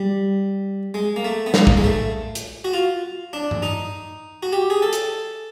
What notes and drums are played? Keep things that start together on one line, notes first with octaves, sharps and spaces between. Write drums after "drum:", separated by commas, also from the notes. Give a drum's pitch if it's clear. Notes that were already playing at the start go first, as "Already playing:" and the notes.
Already playing: G3
G#3
A#3
A3
B3
A#3, drum: snare
drum: kick
G#3
A3
drum: hi-hat
F#4
F4
D4
drum: tom G2
D#4
F#4
G4
G#4
A4
drum: hi-hat